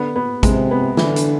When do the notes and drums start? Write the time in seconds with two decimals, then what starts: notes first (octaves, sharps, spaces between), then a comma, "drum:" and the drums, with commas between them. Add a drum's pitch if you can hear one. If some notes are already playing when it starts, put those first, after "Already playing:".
Already playing: D3 B3
0.16 B3
0.43 C3 G#3, drum: kick A1, hi-hat
0.71 B3
0.97 D3 E3, drum: snare
1.16 drum: hi-hat